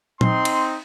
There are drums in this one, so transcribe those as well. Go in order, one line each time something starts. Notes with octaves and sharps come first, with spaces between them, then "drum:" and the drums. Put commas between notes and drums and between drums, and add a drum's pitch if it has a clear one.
C4 D#4 C6, drum: tom A#2
drum: cymbal